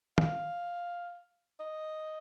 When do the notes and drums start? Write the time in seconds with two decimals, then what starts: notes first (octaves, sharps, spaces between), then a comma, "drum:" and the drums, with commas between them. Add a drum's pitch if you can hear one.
0.18 F5, drum: tom
1.60 D#5